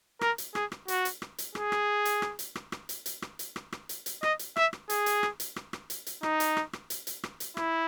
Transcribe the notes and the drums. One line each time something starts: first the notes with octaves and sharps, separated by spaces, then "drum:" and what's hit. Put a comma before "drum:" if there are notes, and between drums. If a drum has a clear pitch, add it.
A#4, drum: rim click
drum: hi-hat
G#4, drum: rim click
drum: rim click
F#4, drum: hi-hat
drum: hi-hat
drum: rim click
drum: hi-hat
G#4, drum: rim click
drum: rim click
drum: hi-hat
drum: rim click
drum: hi-hat
drum: rim click
drum: rim click
drum: hi-hat
drum: hi-hat
drum: rim click
drum: hi-hat
drum: rim click
drum: rim click
drum: hi-hat
drum: hi-hat
D#5, drum: rim click
drum: hi-hat
E5, drum: rim click
drum: rim click
G#4, drum: hi-hat
drum: hi-hat
drum: rim click
drum: hi-hat
drum: rim click
drum: rim click
drum: hi-hat
drum: hi-hat
D#4, drum: rim click
drum: hi-hat
drum: rim click
drum: rim click
drum: hi-hat
drum: hi-hat
drum: rim click
drum: hi-hat
E4, drum: rim click